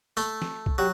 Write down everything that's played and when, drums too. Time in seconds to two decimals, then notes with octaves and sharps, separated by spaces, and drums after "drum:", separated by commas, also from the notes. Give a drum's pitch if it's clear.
0.17 A3, drum: tambourine
0.42 drum: snare
0.66 drum: kick
0.78 F#3 G4